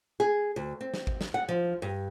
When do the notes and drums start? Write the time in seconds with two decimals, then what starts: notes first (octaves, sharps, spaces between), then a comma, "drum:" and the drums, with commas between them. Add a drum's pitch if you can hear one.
0.20 G#4
0.56 D2
0.81 C4
0.94 drum: snare
1.07 drum: kick G#1
1.21 drum: snare
1.34 F#5
1.49 F3
1.82 G2